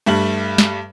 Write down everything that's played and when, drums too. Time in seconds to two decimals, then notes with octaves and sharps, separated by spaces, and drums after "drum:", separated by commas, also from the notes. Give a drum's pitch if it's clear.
0.06 G2 G3 A3 F#7
0.58 drum: snare